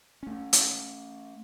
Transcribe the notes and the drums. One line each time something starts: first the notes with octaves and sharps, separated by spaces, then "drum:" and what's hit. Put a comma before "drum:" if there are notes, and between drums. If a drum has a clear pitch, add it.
A3 C#4
drum: hi-hat